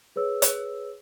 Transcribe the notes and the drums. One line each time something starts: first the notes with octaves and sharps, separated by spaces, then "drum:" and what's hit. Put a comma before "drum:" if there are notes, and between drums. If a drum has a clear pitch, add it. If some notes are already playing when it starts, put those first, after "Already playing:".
G#4 B4 C#5 E6
drum: hi-hat